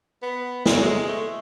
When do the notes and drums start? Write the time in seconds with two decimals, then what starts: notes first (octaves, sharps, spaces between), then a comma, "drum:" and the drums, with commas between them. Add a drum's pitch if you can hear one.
0.22 B3
0.66 G#3, drum: snare
0.74 F#3
0.83 G#3
1.08 A3